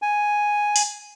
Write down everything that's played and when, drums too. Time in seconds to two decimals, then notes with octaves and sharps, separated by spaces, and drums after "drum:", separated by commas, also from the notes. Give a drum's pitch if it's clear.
0.02 G#5
0.76 drum: open hi-hat